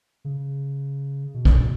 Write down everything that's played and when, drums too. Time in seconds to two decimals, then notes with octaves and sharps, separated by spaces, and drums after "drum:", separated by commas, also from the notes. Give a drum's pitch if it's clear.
0.25 C#3
1.34 B2
1.45 C#3, drum: kick
1.56 B2